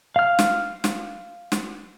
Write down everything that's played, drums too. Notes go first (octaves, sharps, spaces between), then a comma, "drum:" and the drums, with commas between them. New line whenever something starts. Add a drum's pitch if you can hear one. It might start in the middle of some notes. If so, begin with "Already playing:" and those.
F5 F6
drum: snare
drum: snare
drum: snare